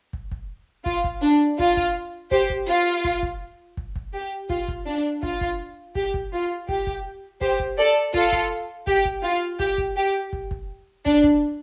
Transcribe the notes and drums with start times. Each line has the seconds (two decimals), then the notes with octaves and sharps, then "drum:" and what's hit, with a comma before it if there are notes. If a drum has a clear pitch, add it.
0.13 drum: kick
0.31 drum: kick
0.86 F4, drum: kick
1.04 drum: kick
1.22 D4
1.59 F4, drum: kick
1.77 drum: kick
2.31 G4 C5, drum: kick
2.50 drum: kick
2.68 F4
3.05 drum: kick
3.23 drum: kick
3.77 drum: kick
3.96 drum: kick
4.13 G4
4.50 F4, drum: kick
4.68 drum: kick
4.87 D4
5.23 F4, drum: kick
5.41 drum: kick
5.95 G4, drum: kick
6.14 drum: kick
6.32 F4
6.69 G4, drum: kick
6.87 drum: kick
7.41 G4 C5, drum: kick
7.60 drum: kick
7.78 A4 D5
8.14 F4 A4, drum: kick
8.32 drum: kick
8.87 G4, drum: kick
9.05 drum: kick
9.23 F4
9.59 G4, drum: kick
9.78 drum: kick
9.97 G4
10.33 drum: kick
10.51 drum: kick
11.06 D4, drum: kick
11.24 drum: kick